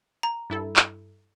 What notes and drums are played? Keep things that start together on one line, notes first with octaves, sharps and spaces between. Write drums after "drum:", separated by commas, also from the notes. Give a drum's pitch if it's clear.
A#5
G2 E4 A4
drum: clap